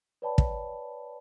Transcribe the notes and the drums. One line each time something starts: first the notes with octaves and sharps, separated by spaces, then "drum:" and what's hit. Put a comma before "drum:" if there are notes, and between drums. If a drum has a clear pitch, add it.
B4 C#5 D5 G5 A5 B5
drum: kick